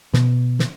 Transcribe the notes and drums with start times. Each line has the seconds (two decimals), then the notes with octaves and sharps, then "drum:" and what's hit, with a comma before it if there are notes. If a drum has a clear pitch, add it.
0.14 B2, drum: snare
0.59 drum: snare